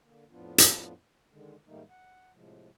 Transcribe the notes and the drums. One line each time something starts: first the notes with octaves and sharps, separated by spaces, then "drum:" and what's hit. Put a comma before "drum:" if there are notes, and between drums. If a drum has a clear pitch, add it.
D3 A#3
F2 A2 F3 B3 D4 F4
drum: hi-hat
D3 D#3 G#3
G#2 D#3 G3 A3 A#3 D#4
F#5
A2 C3 F3 G#3